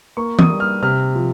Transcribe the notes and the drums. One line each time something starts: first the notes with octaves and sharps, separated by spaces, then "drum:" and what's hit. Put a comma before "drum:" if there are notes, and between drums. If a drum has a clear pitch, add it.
A#3 C#6
D#6, drum: tom E3
G3
F6
C3 F6
F3